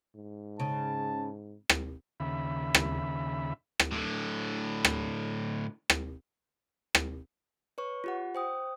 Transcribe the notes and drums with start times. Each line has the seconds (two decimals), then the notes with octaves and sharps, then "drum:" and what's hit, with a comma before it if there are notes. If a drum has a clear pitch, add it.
0.16 G#2
0.60 C#3 A5
1.70 drum: rim click
2.20 D#2 C#3 E5 B5
2.75 drum: rim click
3.80 drum: rim click
3.91 A2 D3
4.85 drum: rim click
5.90 drum: rim click
6.95 drum: rim click
7.78 B4 C#5 C#6
8.04 F4 G4 F#5
8.35 C5 G5 D#6